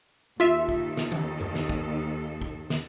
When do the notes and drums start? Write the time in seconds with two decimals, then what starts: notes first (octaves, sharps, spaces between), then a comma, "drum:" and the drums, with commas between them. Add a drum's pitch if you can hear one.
0.40 D#2 D#3 F4 A4 E5
0.69 drum: kick
0.97 drum: snare
1.12 drum: tom D#3
1.41 drum: tom F#2
1.55 drum: snare
1.69 drum: kick
2.42 drum: kick
2.70 drum: snare